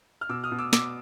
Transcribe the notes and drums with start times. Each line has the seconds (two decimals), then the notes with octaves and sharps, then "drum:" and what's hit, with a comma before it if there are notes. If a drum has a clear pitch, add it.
0.21 F6
0.29 B2 D6 E6
0.44 D#6 F6
0.52 B2
0.59 D6 E6
0.73 B2 D6 E6, drum: snare